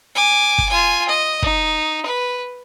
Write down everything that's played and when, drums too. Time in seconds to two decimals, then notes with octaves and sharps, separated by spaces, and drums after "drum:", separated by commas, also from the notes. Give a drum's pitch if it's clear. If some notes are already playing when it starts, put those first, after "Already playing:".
0.15 G#5 D6
0.58 drum: kick
0.70 F4 G#5
1.09 D#5
1.42 D#4, drum: kick
2.06 B4